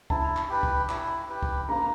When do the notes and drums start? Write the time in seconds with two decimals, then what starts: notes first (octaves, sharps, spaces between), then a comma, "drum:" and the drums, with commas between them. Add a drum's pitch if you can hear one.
0.10 E4 A5, drum: kick
0.37 drum: clap
0.50 G4 B4
0.63 drum: kick
0.89 E4, drum: clap
1.30 G4 B4
1.43 drum: kick
1.69 A#3 A#5